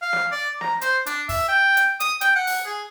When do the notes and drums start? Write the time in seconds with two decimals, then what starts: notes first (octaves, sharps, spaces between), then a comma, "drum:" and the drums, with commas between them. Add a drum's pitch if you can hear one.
0.02 F5
0.13 drum: snare
0.32 D5
0.61 A#5, drum: snare
0.81 C5, drum: hi-hat
1.06 D4, drum: hi-hat
1.29 E5, drum: kick, open hi-hat
1.49 G5
1.77 drum: hi-hat
2.00 D#6, drum: hi-hat
2.21 G5, drum: hi-hat
2.36 F#5
2.47 drum: open hi-hat
2.66 G#4